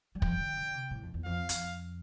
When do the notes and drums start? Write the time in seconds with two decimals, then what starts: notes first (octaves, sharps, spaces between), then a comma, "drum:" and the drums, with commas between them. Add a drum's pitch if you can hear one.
0.15 G3
0.22 F3 G5, drum: kick
0.39 D3
0.57 D3
0.74 C3
0.91 A2
1.03 F2
1.14 E2
1.25 F2 F5
1.49 F2, drum: hi-hat